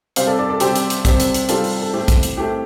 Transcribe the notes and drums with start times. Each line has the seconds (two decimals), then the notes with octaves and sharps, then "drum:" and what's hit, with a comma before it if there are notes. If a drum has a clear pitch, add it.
0.16 C3 G3 C4 C5 F5, drum: hi-hat
0.27 A4 D5
0.38 A4 D5
0.49 A4 D5
0.60 C3 G3 C4 G4 C5, drum: hi-hat
0.75 drum: hi-hat
0.90 drum: hi-hat
1.05 C3 G3 C4, drum: kick B1, hi-hat
1.20 drum: hi-hat
1.34 drum: hi-hat
1.49 C3 G3 C4 F4 A4, drum: hi-hat
1.64 drum: open hi-hat
1.82 A4
1.93 A2 A3 C4 G4
2.08 drum: kick B1, hi-hat
2.23 drum: hi-hat
2.37 A2 A3 C4 G4